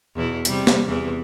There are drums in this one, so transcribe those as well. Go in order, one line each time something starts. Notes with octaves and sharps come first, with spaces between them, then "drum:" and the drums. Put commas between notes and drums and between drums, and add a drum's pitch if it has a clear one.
E2 B2 E4
C3 G3, drum: hi-hat
drum: snare B3
E2 E3